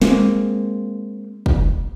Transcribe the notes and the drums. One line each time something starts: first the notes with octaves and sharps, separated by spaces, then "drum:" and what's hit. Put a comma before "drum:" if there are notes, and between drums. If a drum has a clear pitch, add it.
G#3 A#3 C4, drum: snare
drum: kick